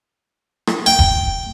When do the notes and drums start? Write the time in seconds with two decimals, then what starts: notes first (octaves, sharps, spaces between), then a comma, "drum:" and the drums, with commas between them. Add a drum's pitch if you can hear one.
0.67 drum: rim click
0.86 G5
0.99 drum: kick E1